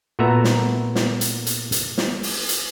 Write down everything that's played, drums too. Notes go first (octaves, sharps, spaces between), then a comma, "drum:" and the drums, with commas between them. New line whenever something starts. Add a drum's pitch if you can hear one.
A#2 A3 B3 F#4 E5 A#5
drum: snare
drum: snare
drum: hi-hat
drum: hi-hat
drum: hi-hat
drum: snare
drum: open hi-hat
drum: hi-hat